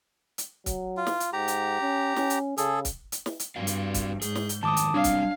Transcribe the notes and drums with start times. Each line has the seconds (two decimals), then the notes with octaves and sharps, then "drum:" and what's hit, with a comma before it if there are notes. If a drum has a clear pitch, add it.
0.38 drum: hi-hat
0.66 F#3, drum: kick, hi-hat
0.97 F4
1.07 drum: snare
1.20 drum: hi-hat
1.33 G#2 G4 A#5
1.48 drum: hi-hat
1.81 C#4
2.16 C#4, drum: snare
2.30 drum: hi-hat
2.58 C#3 G#4 A4, drum: hi-hat
2.85 drum: kick, hi-hat
3.12 drum: hi-hat
3.26 drum: snare
3.40 drum: hi-hat
3.56 G2 F#4 D5 F5
3.67 drum: hi-hat
3.94 drum: kick, hi-hat
4.22 G#2 G#4 G6, drum: hi-hat
4.35 drum: snare
4.49 drum: hi-hat
4.63 D#3 F3 A3 A5 D6 D#6
4.77 drum: hi-hat
4.94 F#3 G3 C4 D4 F5
5.04 drum: kick, hi-hat